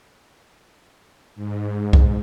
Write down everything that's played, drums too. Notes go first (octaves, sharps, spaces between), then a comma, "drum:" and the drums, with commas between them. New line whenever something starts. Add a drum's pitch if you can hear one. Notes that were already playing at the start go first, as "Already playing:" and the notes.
G#2
drum: kick C2